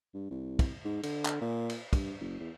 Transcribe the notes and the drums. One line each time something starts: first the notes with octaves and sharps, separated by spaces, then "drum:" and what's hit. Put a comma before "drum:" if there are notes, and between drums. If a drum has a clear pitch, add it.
G2
C2
drum: kick, cymbal
G#2
D3, drum: cymbal
drum: clap
A#2
drum: cymbal
G2, drum: kick, cymbal
F#1
E2